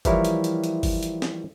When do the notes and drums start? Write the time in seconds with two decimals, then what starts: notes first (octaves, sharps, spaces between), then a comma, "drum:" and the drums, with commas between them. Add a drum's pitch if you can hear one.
0.05 E3 F3 G3 E4 A#4 C#5, drum: kick G1, hi-hat
0.25 drum: hi-hat
0.44 drum: hi-hat
0.64 drum: hi-hat
0.83 drum: kick G1, open hi-hat
1.03 drum: hi-hat
1.22 drum: snare